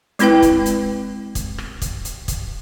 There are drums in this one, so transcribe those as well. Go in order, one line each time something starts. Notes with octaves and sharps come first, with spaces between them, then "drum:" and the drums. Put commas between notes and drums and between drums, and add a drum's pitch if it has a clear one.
G#3 C4 E4 B4 G5, drum: hi-hat
drum: kick, hi-hat
drum: hi-hat
drum: kick, hi-hat
drum: rim click
drum: kick, hi-hat
drum: hi-hat
drum: kick, hi-hat